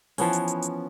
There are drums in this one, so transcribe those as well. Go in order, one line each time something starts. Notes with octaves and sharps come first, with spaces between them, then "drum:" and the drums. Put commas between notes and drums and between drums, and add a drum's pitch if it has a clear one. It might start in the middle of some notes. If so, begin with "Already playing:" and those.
E3 F3 B3 C#4, drum: open hi-hat
drum: hi-hat
drum: hi-hat
drum: hi-hat